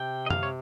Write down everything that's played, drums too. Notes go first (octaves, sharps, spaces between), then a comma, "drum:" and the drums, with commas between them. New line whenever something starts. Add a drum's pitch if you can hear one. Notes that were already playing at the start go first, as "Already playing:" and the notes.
Already playing: C3 G5
D#5
F5, drum: tom
C#5